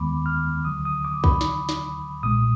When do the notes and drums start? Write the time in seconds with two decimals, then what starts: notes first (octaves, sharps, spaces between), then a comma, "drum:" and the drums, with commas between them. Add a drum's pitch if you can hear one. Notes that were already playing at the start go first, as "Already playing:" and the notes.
Already playing: D#2 D#3 G#3 B3 B5 D6
0.26 F6
0.65 D2 D3 F#3 D#6
0.85 D#6
1.05 D6
1.24 B5, drum: kick
1.41 drum: snare
1.69 drum: snare
2.23 B1 A#2 G#3 D#6